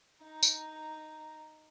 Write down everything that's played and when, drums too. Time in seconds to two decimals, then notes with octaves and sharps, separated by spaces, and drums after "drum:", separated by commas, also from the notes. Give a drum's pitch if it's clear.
0.23 D#4 A#5
0.43 drum: tambourine